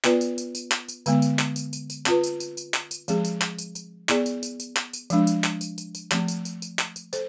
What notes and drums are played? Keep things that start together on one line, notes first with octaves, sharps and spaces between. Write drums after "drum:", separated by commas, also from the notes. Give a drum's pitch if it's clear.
B3 F4 B4 D5, drum: clap
drum: tambourine
drum: tambourine
drum: tambourine
drum: clap
drum: tambourine
D3 G#3 B3, drum: tambourine
drum: tambourine
drum: clap
drum: tambourine
drum: tambourine
drum: tambourine
C4 F4 B4, drum: clap
drum: tambourine
drum: tambourine
drum: tambourine
drum: clap
drum: tambourine
F3 G#3 C4 G#4, drum: tambourine
drum: tambourine
drum: clap
drum: tambourine
drum: tambourine
B3 E4 G#4 D5, drum: clap
drum: tambourine
drum: tambourine
drum: tambourine
drum: clap
drum: tambourine
F3 G#3 D4, drum: tambourine
drum: tambourine
drum: clap
drum: tambourine
drum: tambourine
drum: tambourine
F3 A3 C4, drum: clap
drum: tambourine
drum: tambourine
drum: tambourine
drum: clap
drum: tambourine
A4 C5, drum: tambourine